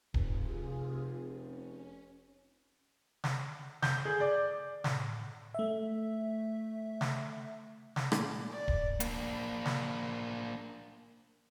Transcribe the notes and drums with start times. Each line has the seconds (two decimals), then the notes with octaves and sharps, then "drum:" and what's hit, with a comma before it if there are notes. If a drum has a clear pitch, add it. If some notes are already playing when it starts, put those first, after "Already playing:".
0.14 F1 C3 F4 G#4, drum: kick D1
1.40 C#4
3.24 drum: snare
3.82 G6, drum: snare
4.05 G#4
4.20 D5
4.84 A2, drum: snare
5.54 A3 E5
7.01 drum: snare
7.96 drum: snare
8.12 A#2, drum: rim click
8.50 D5
8.68 drum: kick D1
9.00 A#3 D4, drum: hi-hat
9.65 drum: snare